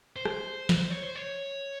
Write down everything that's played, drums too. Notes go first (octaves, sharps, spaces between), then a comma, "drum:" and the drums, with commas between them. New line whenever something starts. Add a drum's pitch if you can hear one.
C5
drum: rim click
drum: snare
C#5
C5
C#5